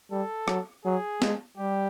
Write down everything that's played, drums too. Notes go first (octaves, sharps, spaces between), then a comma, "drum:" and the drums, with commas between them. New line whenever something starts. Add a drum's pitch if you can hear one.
G3 A4
F#3, drum: rim click
F#3 G#4
G#3, drum: snare
G3 G4